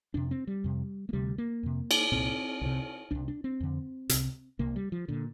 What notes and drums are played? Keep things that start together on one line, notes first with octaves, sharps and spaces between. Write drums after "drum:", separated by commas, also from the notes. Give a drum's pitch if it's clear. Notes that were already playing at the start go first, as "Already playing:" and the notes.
F2 C3 D4
C4
G3
F2 C3
A#3
D2 C3 G3
A#3
F2 C3
drum: cymbal
C2 A#2 C4
C2 C3
C2 C3 D4
D4
C4
F2 D3
C2 C3, drum: hi-hat
C2 C3 A#3
G3
F3
A#2 D3